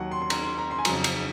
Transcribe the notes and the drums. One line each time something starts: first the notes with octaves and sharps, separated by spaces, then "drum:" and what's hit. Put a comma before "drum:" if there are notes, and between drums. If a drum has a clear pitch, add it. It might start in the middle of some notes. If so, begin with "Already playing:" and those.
Already playing: D#2 D#3 F#3 F#5
C6
C6
A#5, drum: cymbal
C6
A#5
C6
G#5
F2 C#3 F#3 A#5, drum: cymbal
drum: cymbal